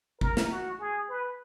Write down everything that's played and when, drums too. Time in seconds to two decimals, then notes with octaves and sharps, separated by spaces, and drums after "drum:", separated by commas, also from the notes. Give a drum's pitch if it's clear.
0.21 A#4, drum: kick
0.37 drum: snare
0.50 F#4
0.80 G#4
1.09 B4